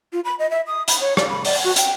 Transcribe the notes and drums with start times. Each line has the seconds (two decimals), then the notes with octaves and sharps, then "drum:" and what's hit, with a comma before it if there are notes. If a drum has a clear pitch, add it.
0.13 F4
0.25 B5
0.39 D#5
0.51 E5
0.67 D#6
0.88 B5, drum: hi-hat
1.01 C#5
1.17 D5, drum: rim click
1.29 B5
1.45 D5, drum: open hi-hat
1.64 F#4
1.76 G5, drum: hi-hat